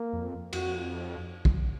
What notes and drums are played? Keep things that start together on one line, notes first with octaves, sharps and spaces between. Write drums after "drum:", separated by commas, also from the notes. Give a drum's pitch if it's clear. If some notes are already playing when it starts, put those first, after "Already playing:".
Already playing: A#3
F2
F2 F#4, drum: cymbal
drum: kick